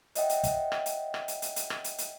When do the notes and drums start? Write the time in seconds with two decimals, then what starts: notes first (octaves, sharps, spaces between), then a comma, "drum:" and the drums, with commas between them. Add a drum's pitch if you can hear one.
0.15 C#5 D#5 E5 F#5 G5, drum: hi-hat
0.29 drum: hi-hat
0.43 drum: kick, hi-hat
0.72 drum: rim click
0.86 drum: hi-hat
1.14 drum: rim click
1.28 drum: hi-hat
1.42 drum: hi-hat
1.56 drum: hi-hat
1.70 drum: rim click
1.84 drum: hi-hat
1.98 drum: hi-hat